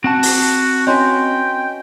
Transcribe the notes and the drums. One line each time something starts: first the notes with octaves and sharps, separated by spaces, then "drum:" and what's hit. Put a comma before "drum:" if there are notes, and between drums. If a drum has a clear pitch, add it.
C4 F#4 F#5 A5
drum: open hi-hat
C#4 F#4 B4 D#5 G5 C6